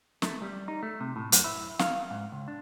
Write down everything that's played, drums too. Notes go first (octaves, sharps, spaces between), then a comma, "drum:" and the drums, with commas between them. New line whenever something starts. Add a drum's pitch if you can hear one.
A3, drum: snare
G3
D#4
A3
C3
A2
F#2, drum: hi-hat
E4
F5, drum: snare
G#2
C#2
D4